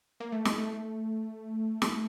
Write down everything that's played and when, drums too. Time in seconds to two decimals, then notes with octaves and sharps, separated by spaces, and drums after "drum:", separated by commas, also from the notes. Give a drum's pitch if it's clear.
0.20 A#3
0.32 A3
0.45 G#3, drum: snare
0.58 A3
1.82 drum: snare